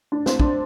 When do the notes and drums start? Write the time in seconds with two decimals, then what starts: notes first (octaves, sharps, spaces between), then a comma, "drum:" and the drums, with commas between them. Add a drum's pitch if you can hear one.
0.12 D4
0.26 C4, drum: snare
0.40 D4, drum: kick